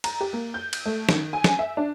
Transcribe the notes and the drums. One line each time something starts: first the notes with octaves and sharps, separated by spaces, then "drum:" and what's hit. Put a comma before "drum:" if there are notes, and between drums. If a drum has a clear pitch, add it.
A#5, drum: cymbal
G4
A#3
G6
drum: cymbal
A3
D#3, drum: snare
G#5
drum: snare
E5
D4